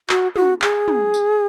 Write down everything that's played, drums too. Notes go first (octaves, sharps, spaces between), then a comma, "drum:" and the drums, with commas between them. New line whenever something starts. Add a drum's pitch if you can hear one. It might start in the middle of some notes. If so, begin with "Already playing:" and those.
F#4, drum: clap
F#4, drum: tom
G#4, drum: clap
drum: tom
drum: tambourine